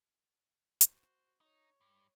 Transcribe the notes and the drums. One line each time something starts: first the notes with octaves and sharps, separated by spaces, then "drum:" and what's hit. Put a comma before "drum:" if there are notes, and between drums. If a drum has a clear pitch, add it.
F#4 C5, drum: hi-hat
D#4 C#5
G2